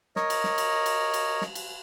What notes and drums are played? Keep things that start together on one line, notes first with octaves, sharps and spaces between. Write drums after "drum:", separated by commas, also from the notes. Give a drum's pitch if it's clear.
A#4 C#5 D#5, drum: snare
drum: cymbal
drum: snare
drum: cymbal
drum: cymbal
drum: cymbal
drum: snare
drum: cymbal